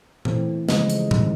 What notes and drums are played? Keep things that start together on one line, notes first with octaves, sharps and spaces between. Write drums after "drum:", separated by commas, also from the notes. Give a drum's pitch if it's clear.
E3 A3 C4, drum: tom A#2
C#3 F3 G#3 C4 D#5, drum: snare
drum: hi-hat
D#3 G3 C4, drum: tom A2